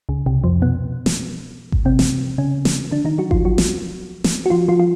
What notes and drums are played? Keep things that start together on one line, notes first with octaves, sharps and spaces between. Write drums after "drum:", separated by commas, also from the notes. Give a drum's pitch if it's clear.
C#2 C#3
C2 C3
F2 F3
B2 B3
drum: snare
drum: kick G#1
C3 C4
drum: snare
C#3 C#4
drum: snare
D3 D4
D#3 D#4
F#3 F#4
F3 F4, drum: kick G#1
F#3 F#4
drum: snare
drum: snare
F#4
F3 F4
F3 F4
F4